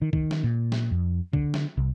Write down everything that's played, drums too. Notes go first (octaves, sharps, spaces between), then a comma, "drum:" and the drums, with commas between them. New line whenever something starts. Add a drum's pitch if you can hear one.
D#3
D#3, drum: kick
drum: snare
A#2
drum: snare
F2
D3, drum: kick
drum: snare
C2